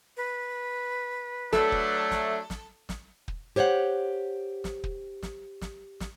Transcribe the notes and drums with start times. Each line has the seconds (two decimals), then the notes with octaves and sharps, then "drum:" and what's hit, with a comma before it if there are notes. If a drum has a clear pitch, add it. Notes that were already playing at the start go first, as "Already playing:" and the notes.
0.17 B4
1.53 F#3 A3 D4 A4, drum: snare
1.72 drum: kick
2.11 drum: snare
2.50 drum: snare
2.89 drum: snare
3.28 drum: kick
3.56 G4 C5 C#5 E5 F#5
4.64 drum: snare
4.84 drum: kick
5.23 drum: snare
5.61 drum: snare
6.00 drum: snare